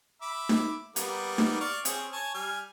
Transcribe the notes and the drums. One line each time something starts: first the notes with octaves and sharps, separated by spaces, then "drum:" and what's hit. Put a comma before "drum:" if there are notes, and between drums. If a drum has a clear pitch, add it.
E5 B5 D6
drum: snare D#4
G3 A#3 B3, drum: hi-hat
drum: snare D#4
D5 F5 C#6
C4 C#4 G#4, drum: hi-hat
C#5 G#5 A5
G3 G#5 F6